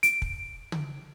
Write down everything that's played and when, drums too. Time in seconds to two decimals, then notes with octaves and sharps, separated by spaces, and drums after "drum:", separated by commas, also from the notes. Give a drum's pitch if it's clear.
0.03 D7, drum: hi-hat
0.22 drum: kick
0.72 drum: tom